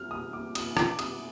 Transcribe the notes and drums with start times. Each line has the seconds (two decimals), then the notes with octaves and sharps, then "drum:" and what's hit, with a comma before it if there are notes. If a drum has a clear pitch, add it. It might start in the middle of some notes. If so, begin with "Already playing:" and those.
Already playing: F6
0.11 D#6
0.33 D6
0.55 D#6, drum: cymbal
0.77 D6, drum: rim click
0.99 D#6, drum: cymbal